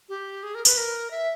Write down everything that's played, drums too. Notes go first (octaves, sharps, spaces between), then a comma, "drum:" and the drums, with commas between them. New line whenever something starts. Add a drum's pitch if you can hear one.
G4
G#4
A#4
B4, drum: tambourine
A#4
E5